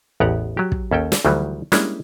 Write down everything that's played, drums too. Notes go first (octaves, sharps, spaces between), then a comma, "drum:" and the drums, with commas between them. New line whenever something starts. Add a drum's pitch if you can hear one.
A1 E2 B3 G4 F#5 A#5
F#3 G4
drum: kick
D#2 C#4 A4 G5
drum: snare
D2 D#3 E3 F#3 G3
G3 G#3 A#3 C#4 D4 E4, drum: snare